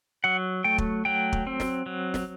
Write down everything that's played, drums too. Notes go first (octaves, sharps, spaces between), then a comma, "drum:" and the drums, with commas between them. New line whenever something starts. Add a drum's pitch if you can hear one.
F#3 F#5
A3 G5
drum: kick
F#3 G5
drum: kick
C4
drum: snare
F#3
drum: snare